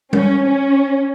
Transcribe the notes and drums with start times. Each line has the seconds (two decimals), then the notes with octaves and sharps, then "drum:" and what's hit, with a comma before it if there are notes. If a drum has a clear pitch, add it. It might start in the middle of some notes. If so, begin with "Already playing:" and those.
0.13 C#4, drum: tom G3
0.43 C#4